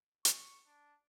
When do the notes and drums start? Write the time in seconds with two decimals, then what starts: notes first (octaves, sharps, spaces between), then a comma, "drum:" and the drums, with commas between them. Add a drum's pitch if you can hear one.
0.25 C#6, drum: hi-hat
0.66 D4